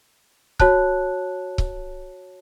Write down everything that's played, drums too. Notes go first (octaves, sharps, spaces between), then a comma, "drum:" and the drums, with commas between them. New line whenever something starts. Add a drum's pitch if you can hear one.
F#4 C#5 A5 F#6, drum: kick C#1
drum: kick C#1